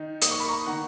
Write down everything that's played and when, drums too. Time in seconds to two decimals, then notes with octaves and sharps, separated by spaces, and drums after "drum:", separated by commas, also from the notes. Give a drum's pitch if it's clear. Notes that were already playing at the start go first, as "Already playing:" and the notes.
Already playing: D#3 D#4
0.22 A#3 D#6, drum: hi-hat
0.31 C#6
0.40 B5
0.48 A#5 C#6
0.66 D#3 F#5 A#5